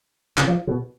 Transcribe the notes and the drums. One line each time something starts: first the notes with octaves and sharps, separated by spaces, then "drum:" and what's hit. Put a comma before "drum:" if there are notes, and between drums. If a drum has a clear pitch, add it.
C#3, drum: clap
F3
B2